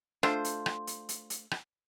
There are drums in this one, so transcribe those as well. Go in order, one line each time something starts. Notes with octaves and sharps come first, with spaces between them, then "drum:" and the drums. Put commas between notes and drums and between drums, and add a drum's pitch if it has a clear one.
A3 D4 F4 C5, drum: rim click
drum: hi-hat
drum: rim click
drum: hi-hat
drum: hi-hat
drum: hi-hat
drum: rim click